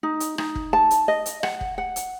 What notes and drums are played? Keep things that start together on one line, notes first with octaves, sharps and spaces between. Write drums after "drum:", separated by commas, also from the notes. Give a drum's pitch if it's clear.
D#4
drum: hi-hat
D#4, drum: rim click
drum: kick
A5
drum: hi-hat
D#5
drum: hi-hat
F#5, drum: rim click
drum: kick
F#5
drum: hi-hat